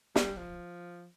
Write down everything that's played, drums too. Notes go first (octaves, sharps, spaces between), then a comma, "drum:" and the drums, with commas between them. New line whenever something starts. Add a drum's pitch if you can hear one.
G3, drum: snare
F3